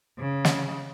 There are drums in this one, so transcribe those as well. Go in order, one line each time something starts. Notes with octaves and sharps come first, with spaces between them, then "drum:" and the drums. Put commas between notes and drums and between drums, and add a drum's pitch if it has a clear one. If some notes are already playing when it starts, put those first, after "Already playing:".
C#3
drum: snare